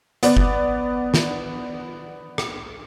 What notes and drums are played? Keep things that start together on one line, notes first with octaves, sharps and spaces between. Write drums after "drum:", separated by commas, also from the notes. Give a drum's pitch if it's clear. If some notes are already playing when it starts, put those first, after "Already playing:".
B3 D5, drum: hi-hat
drum: kick F#1
drum: snare
drum: rim click